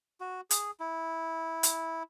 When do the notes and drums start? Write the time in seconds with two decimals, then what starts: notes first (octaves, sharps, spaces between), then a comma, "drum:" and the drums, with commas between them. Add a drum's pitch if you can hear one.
0.20 F#4
0.51 G#4, drum: hi-hat
0.80 E4
1.63 drum: hi-hat